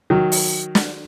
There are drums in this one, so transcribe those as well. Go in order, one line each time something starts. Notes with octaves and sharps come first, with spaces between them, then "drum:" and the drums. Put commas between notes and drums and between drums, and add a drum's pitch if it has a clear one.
D#3 F#3
drum: open hi-hat
drum: snare